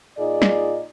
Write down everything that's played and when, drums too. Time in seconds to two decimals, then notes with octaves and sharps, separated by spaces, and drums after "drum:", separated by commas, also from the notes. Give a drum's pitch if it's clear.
0.18 A#2 D#4 F4 G#4 D5 D#5
0.42 drum: snare